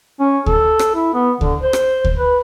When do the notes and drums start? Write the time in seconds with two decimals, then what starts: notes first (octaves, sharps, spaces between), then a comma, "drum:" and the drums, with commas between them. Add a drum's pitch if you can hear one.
0.20 C#4
0.46 A4, drum: kick D2
0.79 drum: rim click
0.95 E4
1.14 B3
1.41 D3, drum: kick D2
1.62 C5
1.73 drum: rim click
2.05 drum: kick D2
2.18 B4